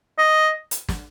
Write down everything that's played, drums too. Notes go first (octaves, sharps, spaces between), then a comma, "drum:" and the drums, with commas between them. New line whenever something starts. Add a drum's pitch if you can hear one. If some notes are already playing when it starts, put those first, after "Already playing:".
D#5
drum: hi-hat
drum: snare